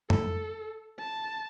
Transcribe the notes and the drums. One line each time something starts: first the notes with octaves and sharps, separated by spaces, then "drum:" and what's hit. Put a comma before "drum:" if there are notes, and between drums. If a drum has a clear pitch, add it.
A4, drum: tom F2
A5